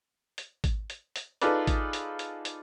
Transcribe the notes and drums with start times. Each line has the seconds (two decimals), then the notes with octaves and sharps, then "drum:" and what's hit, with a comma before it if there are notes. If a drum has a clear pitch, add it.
0.38 drum: hi-hat
0.64 drum: kick G#1, hi-hat
0.90 drum: hi-hat
1.16 drum: hi-hat
1.42 D#4 F4 G#4 A4 B4 D5, drum: hi-hat
1.67 drum: kick G#1, hi-hat
1.93 drum: hi-hat
2.19 drum: hi-hat
2.45 drum: hi-hat